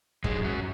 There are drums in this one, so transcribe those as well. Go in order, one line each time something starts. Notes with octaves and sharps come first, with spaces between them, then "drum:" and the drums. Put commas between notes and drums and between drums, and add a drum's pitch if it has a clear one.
F#2 G#3, drum: kick
F#3